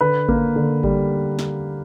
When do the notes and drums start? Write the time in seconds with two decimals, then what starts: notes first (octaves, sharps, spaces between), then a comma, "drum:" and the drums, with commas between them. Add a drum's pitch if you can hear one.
0.01 D3 B4
0.29 A#3, drum: kick G#1
0.56 D3
0.84 G3, drum: kick G#1
1.39 drum: snare